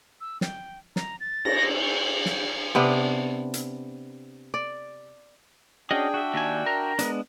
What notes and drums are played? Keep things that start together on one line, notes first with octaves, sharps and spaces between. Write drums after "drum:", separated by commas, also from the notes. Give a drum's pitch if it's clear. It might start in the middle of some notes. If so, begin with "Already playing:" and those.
E6
G5, drum: snare
A#5, drum: snare
A6
A#6, drum: cymbal
drum: snare
C3 B3 D4
drum: hi-hat
D5
C#4 D4 F#4 G#4 D#5 G5
F#4 E5
D#2 G#5
A#4
G#3 B3 D4, drum: hi-hat